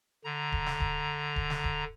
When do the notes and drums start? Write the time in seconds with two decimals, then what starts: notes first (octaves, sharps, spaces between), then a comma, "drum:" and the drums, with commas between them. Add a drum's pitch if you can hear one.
0.24 D3 A#5
0.52 drum: kick D1
0.66 drum: snare
0.80 drum: kick D1
1.36 drum: kick D1
1.50 drum: snare
1.64 drum: kick D1